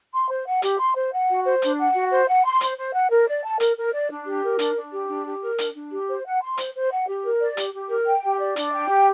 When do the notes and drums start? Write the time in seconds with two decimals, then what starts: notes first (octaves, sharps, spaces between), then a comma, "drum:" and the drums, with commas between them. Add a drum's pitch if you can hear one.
0.13 C6
0.29 C5
0.46 F#5
0.62 G4, drum: hi-hat
0.79 C6
0.95 C5
1.12 F#5
1.29 F#4
1.45 C5
1.62 D4, drum: hi-hat
1.78 F#5
1.94 F#4
2.11 C5
2.27 F#5
2.44 C6
2.61 C5, drum: hi-hat
2.78 C5
2.93 F#5
3.10 A#4
3.27 D5
3.44 A5
3.60 A#4, drum: hi-hat
3.76 A#4
3.93 D5
4.10 D4
4.26 G4
4.43 A#4
4.59 D4, drum: hi-hat
4.76 D4
4.92 G4
5.09 D4
5.25 G4
5.42 A#4
5.58 D4, drum: hi-hat
5.75 D4
5.91 G4
6.08 C5
6.25 F#5
6.41 C6
6.58 C5, drum: hi-hat
6.75 C5
6.91 F#5
7.07 G4
7.23 A#4
7.40 D5
7.57 G4, drum: hi-hat
7.73 G4
7.89 A#4
8.06 G5
8.23 G4
8.39 D5
8.56 D4, drum: hi-hat
8.72 G5
8.89 G4